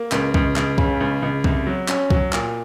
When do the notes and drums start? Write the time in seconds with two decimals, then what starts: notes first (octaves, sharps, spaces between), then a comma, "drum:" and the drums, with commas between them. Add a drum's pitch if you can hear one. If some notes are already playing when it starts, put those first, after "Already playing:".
Already playing: A#3
0.12 C#2, drum: clap
0.34 C#2, drum: kick C2
0.56 C#2, drum: clap
0.78 C#3, drum: kick C2
1.00 C#2
1.22 C#2
1.44 C2, drum: kick C2
1.67 F#3
1.88 C#4, drum: clap
2.10 F#3, drum: kick C2
2.33 A#2, drum: clap